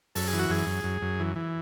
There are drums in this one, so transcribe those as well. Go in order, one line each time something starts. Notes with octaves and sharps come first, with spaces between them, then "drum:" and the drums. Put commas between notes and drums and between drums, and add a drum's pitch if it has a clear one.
F#2 A4, drum: open hi-hat
G#4
E3
F#4
F#2 G#4
F#2
F#2
F#2
E3
E3